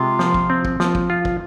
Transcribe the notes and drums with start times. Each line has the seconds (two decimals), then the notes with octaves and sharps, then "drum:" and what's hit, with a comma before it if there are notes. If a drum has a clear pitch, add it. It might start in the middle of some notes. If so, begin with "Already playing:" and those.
Already playing: C3 G#3 F4
0.19 F3, drum: snare
0.34 drum: kick
0.50 C4
0.65 drum: kick
0.80 F3, drum: snare
0.95 drum: kick
1.10 F4
1.25 drum: kick